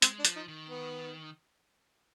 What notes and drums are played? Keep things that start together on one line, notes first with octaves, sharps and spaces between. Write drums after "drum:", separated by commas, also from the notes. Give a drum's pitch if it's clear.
G#3 C4, drum: hi-hat
D4
F3, drum: hi-hat
D#4
D#3
B3